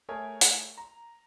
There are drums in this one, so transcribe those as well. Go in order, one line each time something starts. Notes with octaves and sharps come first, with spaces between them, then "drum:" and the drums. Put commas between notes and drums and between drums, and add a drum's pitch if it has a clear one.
A3 G#4 A#4 C#5 G#5
drum: hi-hat
A#5